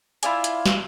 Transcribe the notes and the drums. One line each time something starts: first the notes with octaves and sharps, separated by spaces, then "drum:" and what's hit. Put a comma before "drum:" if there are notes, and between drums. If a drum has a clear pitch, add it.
E4 F4 D5 G#5, drum: hi-hat
drum: hi-hat
drum: snare